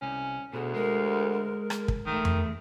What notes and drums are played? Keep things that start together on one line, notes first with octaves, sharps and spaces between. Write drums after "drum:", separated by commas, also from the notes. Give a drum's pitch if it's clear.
C2 C#4
D2 B2 G#4
G#3 A#4
drum: rim click
drum: kick
E2 D#3 A3
drum: tom F2